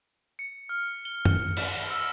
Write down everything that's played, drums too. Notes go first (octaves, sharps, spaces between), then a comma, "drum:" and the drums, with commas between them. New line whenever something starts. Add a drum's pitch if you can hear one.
C#7
F6
G7
drum: tom F#2
drum: cymbal
E6